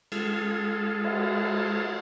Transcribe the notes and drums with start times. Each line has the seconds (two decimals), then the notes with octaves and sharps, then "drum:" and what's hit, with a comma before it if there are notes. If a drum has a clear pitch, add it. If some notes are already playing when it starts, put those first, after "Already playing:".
0.12 G#3 F4 A4, drum: cymbal
1.04 drum: cymbal